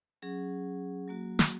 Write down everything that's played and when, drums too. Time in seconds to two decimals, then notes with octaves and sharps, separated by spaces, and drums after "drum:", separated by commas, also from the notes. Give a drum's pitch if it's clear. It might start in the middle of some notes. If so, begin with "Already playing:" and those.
0.22 F#3 C#4 G#4 F#5
1.08 F#3 A#3 F#4
1.39 drum: snare